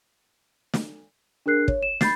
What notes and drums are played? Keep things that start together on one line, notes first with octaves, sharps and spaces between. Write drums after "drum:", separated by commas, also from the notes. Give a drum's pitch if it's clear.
drum: snare
D4 G#4 A#4 F#6 C7
C#5, drum: kick
E7
B5 G6 A6 C7, drum: snare